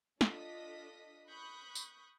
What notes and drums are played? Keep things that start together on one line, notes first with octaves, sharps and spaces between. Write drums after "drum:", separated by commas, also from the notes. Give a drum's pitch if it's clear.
D4 F4 A4 D#5 D#6 B6, drum: snare
B5 C#6 D#6 F#6 G6
drum: tambourine